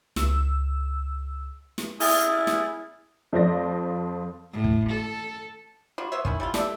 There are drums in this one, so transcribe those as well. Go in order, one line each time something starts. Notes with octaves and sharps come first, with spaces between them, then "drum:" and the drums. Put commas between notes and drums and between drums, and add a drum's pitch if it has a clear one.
C#2 E6, drum: snare
drum: snare
E4 G#4 D#6 F6 A6, drum: open hi-hat
drum: snare
F2 F3 C5 D5 A#6
A2
drum: kick
A4
F#3 G3 F4 F#4
B3 C5 C#5 E5
D#3 C#4 E4, drum: kick
G3 E4 F4
G4 A4 D5 E5, drum: snare